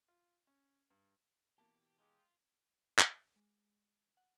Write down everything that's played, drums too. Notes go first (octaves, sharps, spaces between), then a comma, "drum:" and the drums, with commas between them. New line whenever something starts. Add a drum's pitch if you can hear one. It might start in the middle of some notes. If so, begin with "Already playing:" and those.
F4
C#4
G2
B2 E3 A#3 G4 A5
G#3 D#4 F4 G4
drum: clap
G#3
F#5